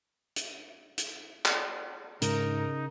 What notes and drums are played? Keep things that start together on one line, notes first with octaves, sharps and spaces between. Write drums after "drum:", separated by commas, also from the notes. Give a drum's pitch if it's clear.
drum: hi-hat
drum: hi-hat
drum: clap
G#2 C#3 D#4 A#4, drum: hi-hat